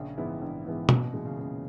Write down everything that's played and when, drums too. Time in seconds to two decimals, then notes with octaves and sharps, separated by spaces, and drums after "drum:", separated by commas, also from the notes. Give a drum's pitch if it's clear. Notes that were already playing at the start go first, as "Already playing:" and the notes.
Already playing: A#1 C#3
0.17 G#2 E3 B3 E4
0.42 A#1
0.66 G#2 E3 B3 E4
0.89 F#2 B2, drum: tom
1.01 A#2
1.13 A#2 E3 G#3
1.26 C#3
1.37 F#2